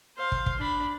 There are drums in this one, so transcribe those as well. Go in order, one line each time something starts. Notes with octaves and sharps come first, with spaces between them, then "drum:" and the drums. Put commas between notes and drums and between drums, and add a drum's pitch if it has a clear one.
C5 F5
drum: kick
drum: kick
D4 B5